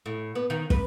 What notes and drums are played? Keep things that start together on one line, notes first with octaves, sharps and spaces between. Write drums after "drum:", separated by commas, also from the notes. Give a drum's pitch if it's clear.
A2
B3
D#3
B4, drum: kick